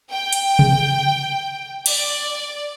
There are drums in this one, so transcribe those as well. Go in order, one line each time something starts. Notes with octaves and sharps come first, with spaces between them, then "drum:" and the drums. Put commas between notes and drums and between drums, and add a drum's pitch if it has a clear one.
G5
drum: hi-hat
drum: tom C3
D5, drum: cymbal